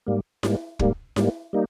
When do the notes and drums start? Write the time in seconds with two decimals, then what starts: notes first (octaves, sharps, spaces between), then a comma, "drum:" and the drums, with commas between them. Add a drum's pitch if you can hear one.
0.07 G#2 G3 A#3
0.43 G#2 G3 A#3, drum: snare E4
0.79 G#2 G3 A#3, drum: kick
1.16 G#2 G3 A#3, drum: snare E4
1.53 G3 A#3 D#4